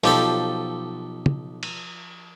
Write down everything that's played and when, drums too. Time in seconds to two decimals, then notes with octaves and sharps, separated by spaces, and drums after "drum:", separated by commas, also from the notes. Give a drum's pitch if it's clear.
0.04 B1 F3 G4 A4, drum: open hi-hat
1.26 drum: tom
1.63 drum: cymbal